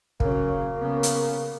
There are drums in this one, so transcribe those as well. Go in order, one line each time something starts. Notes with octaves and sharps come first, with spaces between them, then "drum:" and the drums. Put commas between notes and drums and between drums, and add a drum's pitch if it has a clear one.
C#3 F#3 A#3, drum: kick
C#3 B3
drum: hi-hat